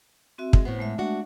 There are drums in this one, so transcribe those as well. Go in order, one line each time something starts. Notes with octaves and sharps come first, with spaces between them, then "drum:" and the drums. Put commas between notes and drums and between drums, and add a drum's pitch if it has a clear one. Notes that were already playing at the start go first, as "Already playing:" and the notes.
C4 F#4 E5
G#3, drum: kick
A2 B3 C5
G#3 A3 E5
D4 F#4